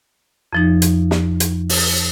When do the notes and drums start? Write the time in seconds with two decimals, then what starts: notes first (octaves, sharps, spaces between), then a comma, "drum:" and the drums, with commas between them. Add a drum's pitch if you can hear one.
0.52 F2 F3 D#4
0.82 drum: hi-hat
1.11 drum: snare
1.40 drum: hi-hat
1.69 drum: open hi-hat